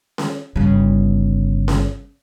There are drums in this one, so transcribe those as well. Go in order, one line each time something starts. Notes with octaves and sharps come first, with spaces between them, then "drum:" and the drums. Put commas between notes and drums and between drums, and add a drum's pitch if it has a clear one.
drum: snare C#4
G1 C#3
drum: snare C#4